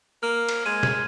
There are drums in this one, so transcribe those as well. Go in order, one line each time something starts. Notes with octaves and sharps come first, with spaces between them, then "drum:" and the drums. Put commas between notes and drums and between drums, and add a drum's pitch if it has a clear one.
A#3 F6
drum: cymbal
G#3 G#6 D#7
drum: snare B2